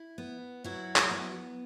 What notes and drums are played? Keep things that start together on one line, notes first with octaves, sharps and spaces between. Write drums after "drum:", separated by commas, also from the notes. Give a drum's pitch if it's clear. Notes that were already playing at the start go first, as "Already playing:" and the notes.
Already playing: E4
B3
F#3 E4 F#4
drum: clap
B3